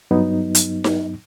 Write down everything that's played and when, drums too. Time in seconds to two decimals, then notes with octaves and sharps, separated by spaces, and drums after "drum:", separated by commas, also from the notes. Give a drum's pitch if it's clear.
0.11 G2 F#3 B3 D#4
0.55 drum: hi-hat
0.84 drum: snare D#4